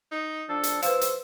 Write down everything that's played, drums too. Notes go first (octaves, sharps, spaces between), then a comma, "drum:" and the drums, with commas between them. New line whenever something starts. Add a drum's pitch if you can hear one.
D#4
F3 D4 A4
drum: hi-hat
B4 C5 F5 E6, drum: hi-hat
drum: hi-hat